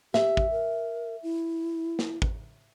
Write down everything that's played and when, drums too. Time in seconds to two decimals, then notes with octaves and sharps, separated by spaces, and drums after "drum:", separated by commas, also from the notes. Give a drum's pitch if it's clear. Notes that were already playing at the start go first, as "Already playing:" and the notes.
0.14 G4 E5, drum: snare
0.37 drum: kick
0.51 A#4
1.23 E4
1.99 drum: snare
2.22 drum: kick